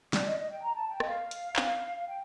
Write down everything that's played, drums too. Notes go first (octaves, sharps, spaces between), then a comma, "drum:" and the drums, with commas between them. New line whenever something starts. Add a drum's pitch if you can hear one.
D5, drum: snare
D#5
D#5
G5
A#5
A5
G5
D#5, drum: rim click
F5
drum: hi-hat
drum: clap
F5
G5